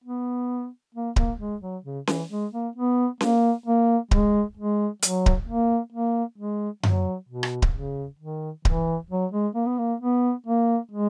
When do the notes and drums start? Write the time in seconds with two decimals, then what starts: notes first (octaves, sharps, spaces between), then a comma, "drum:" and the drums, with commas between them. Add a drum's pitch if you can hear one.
0.04 B3
0.94 A#3
1.16 A#3, drum: kick D1
1.40 G#3
1.62 F#3
1.84 C#3
2.07 E3, drum: snare C#4
2.30 G#3
2.53 A#3
2.76 B3
3.21 A#3, drum: snare C#4
3.66 A#3
4.11 G#3, drum: kick D1
4.57 G#3
5.02 F#3, drum: hi-hat
5.26 drum: kick D1
5.47 A#3
5.92 A#3
6.38 G#3
6.83 F#3, drum: tom F#2
7.29 B2
7.43 drum: rim click
7.62 drum: kick D1
7.74 C#3
8.19 D#3
8.65 E3, drum: kick D1
9.10 F#3
9.32 G#3
9.55 A#3
9.67 B3
9.78 A#3
10.00 B3
10.46 A#3
10.91 G#3